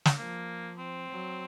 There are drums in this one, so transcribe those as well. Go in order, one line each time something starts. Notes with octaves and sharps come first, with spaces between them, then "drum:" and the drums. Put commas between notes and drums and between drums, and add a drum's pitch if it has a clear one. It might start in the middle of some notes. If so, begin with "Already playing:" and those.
drum: snare
F3 A#3
C4
F#3